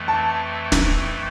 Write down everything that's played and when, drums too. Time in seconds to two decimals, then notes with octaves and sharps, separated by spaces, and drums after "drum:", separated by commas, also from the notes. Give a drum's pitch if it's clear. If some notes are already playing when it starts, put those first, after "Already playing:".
Already playing: F2 E3 A3
0.08 A5
0.72 drum: snare